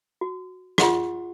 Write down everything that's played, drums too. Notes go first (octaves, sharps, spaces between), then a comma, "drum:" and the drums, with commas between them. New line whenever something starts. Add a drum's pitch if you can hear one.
F#4
F4 G#4 E5 F#5 C6 C#6, drum: rim click